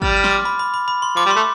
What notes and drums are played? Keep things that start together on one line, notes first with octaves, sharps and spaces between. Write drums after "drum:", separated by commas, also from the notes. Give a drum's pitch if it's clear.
G3 F6 A6, drum: kick
F6
C6, drum: snare
D6
B5
B5
B5
B5
C6
F3 D6
G3
C6
A3